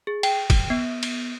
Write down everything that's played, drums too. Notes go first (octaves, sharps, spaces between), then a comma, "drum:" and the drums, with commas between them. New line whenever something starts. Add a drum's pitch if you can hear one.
G#4
G5, drum: cymbal
drum: kick, cymbal
B3
drum: cymbal